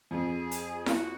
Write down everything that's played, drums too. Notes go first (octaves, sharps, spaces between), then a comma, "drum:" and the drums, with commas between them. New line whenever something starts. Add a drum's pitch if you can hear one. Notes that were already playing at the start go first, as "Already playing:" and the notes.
F2 G#4
drum: hi-hat
F#4, drum: snare E4